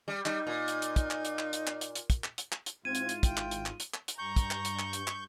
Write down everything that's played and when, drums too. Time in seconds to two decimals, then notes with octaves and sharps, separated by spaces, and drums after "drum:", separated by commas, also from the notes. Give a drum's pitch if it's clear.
0.08 G3
0.26 G3 D#4, drum: clap
0.47 A#2
0.68 drum: hi-hat
0.82 drum: hi-hat
0.96 drum: kick, hi-hat
1.10 drum: clap
1.25 drum: hi-hat
1.39 drum: clap
1.53 drum: hi-hat
1.67 drum: clap
1.81 drum: hi-hat
1.95 drum: hi-hat
2.10 drum: kick, hi-hat
2.24 drum: clap
2.38 drum: hi-hat
2.52 drum: clap
2.66 drum: hi-hat
2.85 G#2 C4 E4 F4 G#6 D#7
2.95 drum: hi-hat
3.09 drum: hi-hat
3.23 G#1 G5, drum: kick, hi-hat
3.37 drum: clap
3.51 drum: hi-hat
3.66 drum: clap
3.80 drum: hi-hat
3.94 drum: clap
4.08 drum: hi-hat
4.18 G2 A#5 C#6 G6
4.36 drum: kick, hi-hat
4.51 drum: clap
4.65 drum: hi-hat
4.79 drum: clap
4.93 drum: hi-hat
5.07 drum: clap